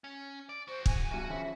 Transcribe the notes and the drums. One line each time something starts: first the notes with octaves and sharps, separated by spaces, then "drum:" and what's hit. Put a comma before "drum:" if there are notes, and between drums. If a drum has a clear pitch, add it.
C#4
D5
F#4 G#4 C5
G#5, drum: kick
E2 G2 B2 F#4
C#3 E3 F3 E5